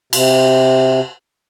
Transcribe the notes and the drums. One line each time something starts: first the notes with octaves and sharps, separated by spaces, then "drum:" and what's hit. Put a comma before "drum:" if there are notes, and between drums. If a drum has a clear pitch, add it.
C3, drum: cymbal